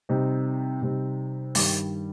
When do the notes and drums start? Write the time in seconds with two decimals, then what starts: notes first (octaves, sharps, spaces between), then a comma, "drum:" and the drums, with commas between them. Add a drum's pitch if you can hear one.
0.09 C3 G3 C4 D#4
0.82 C3 G3 C4 D#4
1.55 G2 D#3 G3, drum: open hi-hat